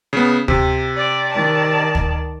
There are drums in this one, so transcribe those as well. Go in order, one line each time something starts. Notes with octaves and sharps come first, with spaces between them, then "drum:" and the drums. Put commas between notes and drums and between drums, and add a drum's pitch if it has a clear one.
C#3 B3
C3, drum: kick
D5
D#3 D5 A5
drum: kick